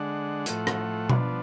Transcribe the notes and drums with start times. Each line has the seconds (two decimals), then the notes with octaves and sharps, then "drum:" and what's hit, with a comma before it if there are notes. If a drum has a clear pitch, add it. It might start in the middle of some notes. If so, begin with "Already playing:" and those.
Already playing: D3 G#3 D4 F#5
0.46 A2 F3 A3, drum: hi-hat
0.67 drum: rim click
1.09 F3 B3 D4, drum: tom B2